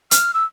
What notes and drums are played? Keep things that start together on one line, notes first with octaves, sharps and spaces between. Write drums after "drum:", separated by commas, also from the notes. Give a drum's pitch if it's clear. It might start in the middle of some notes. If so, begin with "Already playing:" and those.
F6, drum: hi-hat
E6